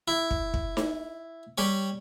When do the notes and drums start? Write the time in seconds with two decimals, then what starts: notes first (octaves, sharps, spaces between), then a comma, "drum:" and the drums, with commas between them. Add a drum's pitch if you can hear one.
0.08 E4
0.31 drum: kick
0.54 drum: kick
0.77 drum: snare D#4
1.58 G3 G4 C#5